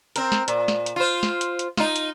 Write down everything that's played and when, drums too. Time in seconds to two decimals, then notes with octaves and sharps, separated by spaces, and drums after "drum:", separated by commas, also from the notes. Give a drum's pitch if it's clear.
0.16 C4 A#4, drum: hi-hat
0.32 drum: snare
0.48 A#2, drum: hi-hat
0.68 drum: snare
0.86 drum: hi-hat
0.96 F4 C5
1.23 drum: snare
1.41 drum: hi-hat
1.59 drum: hi-hat
1.77 D#4 F4, drum: snare
1.96 drum: hi-hat